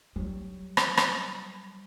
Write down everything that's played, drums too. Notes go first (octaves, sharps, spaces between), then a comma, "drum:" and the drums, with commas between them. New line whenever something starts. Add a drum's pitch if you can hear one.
F#3 G3
drum: rim click
drum: rim click